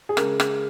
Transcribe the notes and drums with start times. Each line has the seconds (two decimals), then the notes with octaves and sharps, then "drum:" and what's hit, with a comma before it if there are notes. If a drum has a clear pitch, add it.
0.09 G#4
0.17 C#3 G#3 A#4, drum: rim click
0.40 drum: rim click